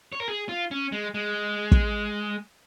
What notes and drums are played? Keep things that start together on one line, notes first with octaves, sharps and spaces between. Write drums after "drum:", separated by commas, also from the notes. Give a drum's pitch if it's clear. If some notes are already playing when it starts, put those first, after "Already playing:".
C#5
A#4
G#4
F4
C#4
G#3
G#3
drum: kick